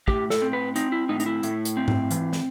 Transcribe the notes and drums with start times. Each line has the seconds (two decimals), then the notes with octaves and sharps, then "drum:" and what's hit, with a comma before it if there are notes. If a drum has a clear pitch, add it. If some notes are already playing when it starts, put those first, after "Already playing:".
0.08 A2 G4, drum: kick
0.30 A4, drum: snare
0.42 C4
0.53 B4
0.76 C4 D#4, drum: hi-hat
0.92 E4
1.09 A2 D#4
1.20 D#4, drum: hi-hat
1.26 E4
1.43 A2, drum: hi-hat
1.65 drum: hi-hat
1.77 C4
1.88 drum: tom G#2
2.11 E3, drum: hi-hat
2.33 drum: snare